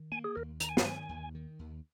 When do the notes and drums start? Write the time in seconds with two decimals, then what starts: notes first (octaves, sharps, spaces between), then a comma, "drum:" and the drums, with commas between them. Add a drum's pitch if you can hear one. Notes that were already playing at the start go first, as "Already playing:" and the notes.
Already playing: D#3
0.12 A#3 G#5
0.24 G#4
0.36 D#2 A#4
0.60 D#3 A#5, drum: hi-hat
0.69 G#5
0.77 F5, drum: snare
0.85 D#3 G#5
1.09 D#2
1.35 D#3
1.59 D#2